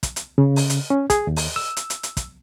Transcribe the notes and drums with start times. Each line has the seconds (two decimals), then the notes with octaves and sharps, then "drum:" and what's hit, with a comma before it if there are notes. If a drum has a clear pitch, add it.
0.03 drum: kick, hi-hat
0.16 drum: hi-hat
0.38 C#3
0.56 drum: open hi-hat
0.70 drum: hi-hat
0.90 C#4
1.10 G#4, drum: kick, hi-hat
1.27 D#2
1.36 drum: open hi-hat
1.56 E6
1.77 drum: hi-hat
1.90 drum: hi-hat
2.03 drum: hi-hat
2.17 drum: kick, hi-hat